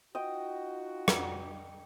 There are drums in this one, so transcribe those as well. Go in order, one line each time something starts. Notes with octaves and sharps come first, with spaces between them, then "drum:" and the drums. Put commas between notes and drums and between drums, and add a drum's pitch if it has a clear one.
D#4 F4 F#4 D#5 G5
drum: rim click